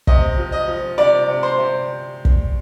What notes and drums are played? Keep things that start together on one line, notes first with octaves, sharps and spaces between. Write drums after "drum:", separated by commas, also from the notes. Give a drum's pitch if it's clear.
C3 D#5, drum: kick
F3
D#5
F3
C3 D5
C3
C5
C3
drum: kick